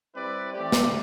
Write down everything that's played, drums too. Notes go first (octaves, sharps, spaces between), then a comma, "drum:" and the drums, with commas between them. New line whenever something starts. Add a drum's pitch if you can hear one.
G3 C4 E4 B4 D5
E3 A3 C4 G4 D5
drum: snare